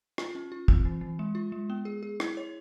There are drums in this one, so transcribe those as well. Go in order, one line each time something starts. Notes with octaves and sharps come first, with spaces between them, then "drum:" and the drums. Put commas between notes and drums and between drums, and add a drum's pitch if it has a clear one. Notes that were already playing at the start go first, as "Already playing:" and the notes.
F4, drum: rim click
C#4
F4
C4, drum: kick
E3
E3
G#3
F4
G#3
B3
G#4
G#4
E4, drum: rim click
C#5